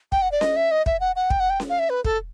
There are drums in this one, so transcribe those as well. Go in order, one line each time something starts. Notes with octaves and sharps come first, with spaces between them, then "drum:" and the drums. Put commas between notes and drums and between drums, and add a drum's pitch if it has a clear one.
G5, drum: kick
F#5
D5
D#5, drum: snare C#4
E5
D#5
E5, drum: kick
F#5
F#5
G5, drum: kick
F#5
G5
drum: snare C#4
F5
E5
B4
A4, drum: kick